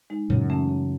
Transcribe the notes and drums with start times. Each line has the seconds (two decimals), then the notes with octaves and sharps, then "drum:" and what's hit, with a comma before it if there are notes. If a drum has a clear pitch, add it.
0.10 G#3 D#4
0.30 F#2 C#3, drum: tom A2
0.50 E3 A3 C#4
0.69 C#3